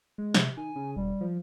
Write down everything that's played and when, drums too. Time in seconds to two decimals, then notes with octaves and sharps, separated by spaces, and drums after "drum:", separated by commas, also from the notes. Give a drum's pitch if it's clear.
0.18 G#3
0.34 C3, drum: snare
0.57 D#3 G#5
0.76 C#3
0.96 E1 G3
1.21 F3